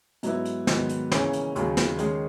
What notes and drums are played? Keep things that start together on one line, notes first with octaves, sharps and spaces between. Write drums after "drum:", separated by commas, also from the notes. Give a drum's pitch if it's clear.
G#2 F#3 B3 E4, drum: hi-hat
drum: hi-hat
G#2 D#3 F#3 B3, drum: snare
drum: hi-hat
C#3 E3 A#3 C#4, drum: snare
drum: hi-hat
D#2 C#3 F#3, drum: hi-hat
drum: snare
D#3 G#3 C#4 G#4, drum: hi-hat